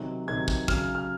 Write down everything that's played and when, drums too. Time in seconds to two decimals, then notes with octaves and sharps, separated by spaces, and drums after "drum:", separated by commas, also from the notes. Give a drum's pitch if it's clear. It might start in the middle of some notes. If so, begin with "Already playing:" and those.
Already playing: C3 D#3 F#3
0.27 C3 D#3 F#3 G#6
0.48 G#6, drum: kick
0.68 C#3 F#3 F6, drum: kick
0.95 F6